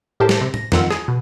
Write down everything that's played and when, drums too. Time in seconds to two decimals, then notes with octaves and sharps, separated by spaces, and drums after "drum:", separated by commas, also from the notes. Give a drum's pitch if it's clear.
0.20 A2 G4 A#4 C5 A5
0.29 drum: snare
0.41 C3
0.54 A#6, drum: tom A2
0.72 F2 D#3 F4 F#5 E6, drum: snare
0.90 G#4, drum: rim click
1.08 B2